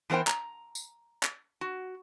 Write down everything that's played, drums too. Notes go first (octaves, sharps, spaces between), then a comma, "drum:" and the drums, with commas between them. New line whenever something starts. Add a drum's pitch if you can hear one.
E3 B3 A#4 C5 G5
A#5, drum: clap
drum: tambourine
drum: clap
F#4